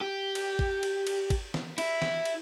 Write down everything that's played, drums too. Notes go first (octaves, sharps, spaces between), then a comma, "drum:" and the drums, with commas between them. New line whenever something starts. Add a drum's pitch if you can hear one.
G4
drum: cymbal
drum: kick
drum: cymbal
drum: cymbal
drum: kick, cymbal
drum: snare
E4, drum: cymbal
drum: snare
drum: cymbal